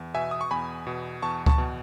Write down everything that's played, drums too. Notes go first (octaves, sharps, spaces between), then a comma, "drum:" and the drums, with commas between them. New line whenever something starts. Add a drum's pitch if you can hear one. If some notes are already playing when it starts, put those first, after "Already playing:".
Already playing: E2
B2 E5 G#5
D#6
C#6
E2 G#5 B5
B2
E2 A5 C#6
A5 C#6, drum: kick C#2
B2